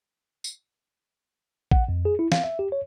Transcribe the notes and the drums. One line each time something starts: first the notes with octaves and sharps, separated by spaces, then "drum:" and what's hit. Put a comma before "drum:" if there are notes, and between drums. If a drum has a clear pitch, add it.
drum: tambourine
F#5, drum: kick A#1
F2
G#4
E4
F5, drum: snare
E5
G4
C#5